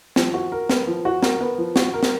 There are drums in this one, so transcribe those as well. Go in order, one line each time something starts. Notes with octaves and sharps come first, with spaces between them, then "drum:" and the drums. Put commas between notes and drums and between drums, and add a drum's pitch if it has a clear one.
F3, drum: snare
F#4
A#4
B3, drum: snare
F3
F#4
A#4, drum: snare
B3
F3
F#4, drum: snare
A#4
drum: snare